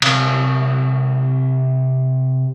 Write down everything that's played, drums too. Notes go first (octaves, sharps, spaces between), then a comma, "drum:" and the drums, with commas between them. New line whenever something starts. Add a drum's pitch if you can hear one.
C3 C4 A#4, drum: cymbal